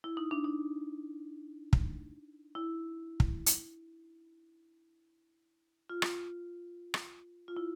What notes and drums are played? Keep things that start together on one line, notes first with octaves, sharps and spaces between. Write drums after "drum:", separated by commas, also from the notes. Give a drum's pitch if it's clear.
E4
D#4
D4
D#4
drum: kick
E4
drum: kick
drum: hi-hat
F4
drum: rim click
drum: rim click
F4
E4